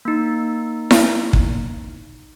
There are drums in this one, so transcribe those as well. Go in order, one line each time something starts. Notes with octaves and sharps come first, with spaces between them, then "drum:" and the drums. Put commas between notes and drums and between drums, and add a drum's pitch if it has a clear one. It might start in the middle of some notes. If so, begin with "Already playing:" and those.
A#3 D#4
drum: snare E4
drum: kick